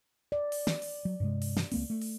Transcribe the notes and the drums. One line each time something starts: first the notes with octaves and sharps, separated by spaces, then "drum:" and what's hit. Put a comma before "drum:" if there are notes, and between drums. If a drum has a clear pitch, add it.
D5
drum: open hi-hat
drum: snare
drum: open hi-hat
F#3
G2 C3 G#3
drum: open hi-hat
drum: snare
C#2 A#3 C4, drum: open hi-hat
A3
drum: open hi-hat